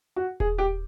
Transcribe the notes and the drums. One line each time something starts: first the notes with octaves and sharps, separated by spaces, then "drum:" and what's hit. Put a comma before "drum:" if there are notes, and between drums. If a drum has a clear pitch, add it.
F#4
G#4, drum: kick D#1
G4